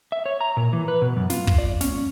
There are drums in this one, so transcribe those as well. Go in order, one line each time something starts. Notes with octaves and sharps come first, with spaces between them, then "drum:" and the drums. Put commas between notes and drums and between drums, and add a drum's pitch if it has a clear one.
E5
C#5
A#5
A#2
E3
B4
B2
F#2
F4, drum: snare
drum: kick
D5
C#4, drum: snare